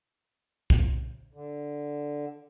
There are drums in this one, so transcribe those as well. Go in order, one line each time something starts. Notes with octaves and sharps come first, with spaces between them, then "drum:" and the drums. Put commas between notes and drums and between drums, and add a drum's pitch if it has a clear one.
drum: kick
D3